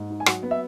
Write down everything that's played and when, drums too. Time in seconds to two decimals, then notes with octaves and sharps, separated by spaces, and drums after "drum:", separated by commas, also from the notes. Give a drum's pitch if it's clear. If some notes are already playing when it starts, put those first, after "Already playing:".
Already playing: G#2
0.10 D#4
0.20 G#5
0.26 F#3 F#5, drum: rim click
0.43 B3
0.51 E5